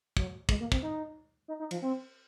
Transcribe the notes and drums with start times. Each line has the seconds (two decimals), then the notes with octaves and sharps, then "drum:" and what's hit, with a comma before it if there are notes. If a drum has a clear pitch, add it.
0.17 F#3, drum: kick
0.49 G#3, drum: kick
0.60 A#3
0.72 C4, drum: kick
0.82 D#4
1.48 D#4
1.60 D#4
1.71 F3, drum: cymbal
1.82 C4